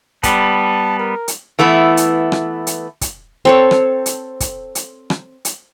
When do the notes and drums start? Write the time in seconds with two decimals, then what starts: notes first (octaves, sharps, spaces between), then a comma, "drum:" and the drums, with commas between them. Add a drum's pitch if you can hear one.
0.23 G3 B3 A5, drum: kick, hi-hat
0.99 A#4
1.28 drum: hi-hat
1.59 E3 A3 B3 E4
1.97 drum: hi-hat
2.32 drum: rim click
2.67 drum: hi-hat
3.01 drum: kick, hi-hat
3.45 C4 A4 C#5
3.71 drum: rim click
4.06 drum: hi-hat
4.40 drum: kick, hi-hat
4.75 drum: hi-hat
5.10 drum: rim click
5.45 drum: hi-hat